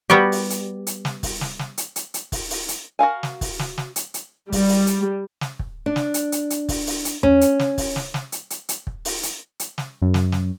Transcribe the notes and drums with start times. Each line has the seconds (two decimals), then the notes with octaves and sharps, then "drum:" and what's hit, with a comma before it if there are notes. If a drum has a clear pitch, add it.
0.10 G3 B3 F#4 G4
0.32 drum: open hi-hat
0.50 drum: hi-hat
0.87 drum: hi-hat
1.05 drum: snare
1.23 drum: kick, open hi-hat
1.41 drum: snare
1.59 drum: snare
1.78 drum: hi-hat
1.96 drum: hi-hat
2.14 drum: hi-hat
2.32 drum: kick, open hi-hat
2.50 drum: open hi-hat
2.68 drum: hi-hat
2.99 F#4 A#4 F5 G#5
3.23 drum: snare
3.41 drum: kick, open hi-hat
3.59 drum: snare
3.78 drum: snare
3.96 drum: hi-hat
4.14 drum: hi-hat
4.52 G3, drum: kick, open hi-hat
4.68 drum: open hi-hat
4.87 drum: hi-hat
5.41 drum: snare
5.59 drum: kick
5.86 D4
5.96 drum: snare
6.14 drum: hi-hat
6.32 drum: hi-hat
6.50 drum: hi-hat
6.69 drum: kick, open hi-hat
6.87 drum: open hi-hat
7.05 drum: hi-hat
7.23 C#4, drum: tom E2
7.41 drum: hi-hat
7.59 drum: snare
7.78 drum: kick, open hi-hat
7.96 drum: snare
8.14 drum: snare
8.32 drum: hi-hat
8.50 drum: hi-hat
8.69 drum: hi-hat
8.87 drum: kick
9.05 drum: open hi-hat
9.23 drum: hi-hat
9.60 drum: hi-hat
9.78 drum: snare
10.02 F#2
10.14 drum: snare
10.32 drum: snare